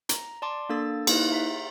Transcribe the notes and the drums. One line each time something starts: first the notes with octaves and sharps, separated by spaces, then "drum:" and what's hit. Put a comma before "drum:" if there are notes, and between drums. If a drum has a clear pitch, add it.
A#5, drum: hi-hat
D5 A5 C6 D6
A#3 D4 A4 E6 A6
A#3 D#4 E4 B4, drum: cymbal
E5 A#5 B6